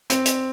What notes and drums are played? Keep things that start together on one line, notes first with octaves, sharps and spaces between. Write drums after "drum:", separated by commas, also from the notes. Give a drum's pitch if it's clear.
C4, drum: hi-hat
drum: hi-hat